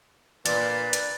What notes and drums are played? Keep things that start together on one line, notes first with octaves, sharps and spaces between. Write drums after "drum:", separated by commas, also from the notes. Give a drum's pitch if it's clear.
A#2 D4 B4 A6, drum: hi-hat
drum: hi-hat